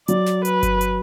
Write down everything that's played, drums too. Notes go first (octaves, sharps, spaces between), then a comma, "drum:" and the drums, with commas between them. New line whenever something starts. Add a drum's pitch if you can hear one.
F#3 D5, drum: hi-hat
drum: snare
B4, drum: hi-hat
drum: kick G1, hi-hat
drum: hi-hat